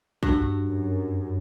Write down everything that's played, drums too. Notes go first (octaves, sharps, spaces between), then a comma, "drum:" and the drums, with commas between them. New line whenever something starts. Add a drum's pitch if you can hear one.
G2 F#4, drum: kick
F#2